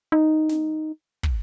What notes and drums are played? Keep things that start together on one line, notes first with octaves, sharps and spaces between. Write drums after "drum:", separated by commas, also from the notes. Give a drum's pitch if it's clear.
D#4
drum: snare
drum: kick